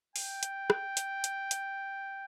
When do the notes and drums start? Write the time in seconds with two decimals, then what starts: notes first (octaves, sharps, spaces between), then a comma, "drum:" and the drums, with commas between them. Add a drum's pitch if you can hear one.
0.16 G5, drum: open hi-hat
0.43 drum: hi-hat
0.70 drum: rim click
0.97 drum: hi-hat
1.24 drum: hi-hat
1.51 drum: hi-hat